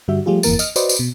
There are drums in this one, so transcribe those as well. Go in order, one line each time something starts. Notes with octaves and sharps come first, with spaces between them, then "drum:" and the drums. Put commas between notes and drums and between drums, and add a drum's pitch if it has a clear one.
G2 D3 G3 F#4 E5
F3 G3 A3 F4 G4 G#4
G1 F2 E3 A#3 A#4 A6, drum: tambourine
D#5 F6, drum: tambourine
F#4 B4 C5 D5 D#5, drum: tambourine
drum: tambourine
B2